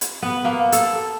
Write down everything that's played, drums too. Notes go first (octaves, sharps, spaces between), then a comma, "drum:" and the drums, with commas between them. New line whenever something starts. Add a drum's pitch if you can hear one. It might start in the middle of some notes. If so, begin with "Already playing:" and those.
drum: hi-hat
B3
A#3
A4, drum: hi-hat